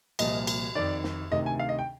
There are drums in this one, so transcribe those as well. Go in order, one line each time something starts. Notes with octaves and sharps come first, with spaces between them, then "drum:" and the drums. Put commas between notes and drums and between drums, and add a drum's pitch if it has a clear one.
C2 A#2 F3 D#5, drum: cymbal
drum: cymbal
F2 D#3 D5
drum: snare
D2 C3 D#3 D#5
G#5
F5
D#5
G5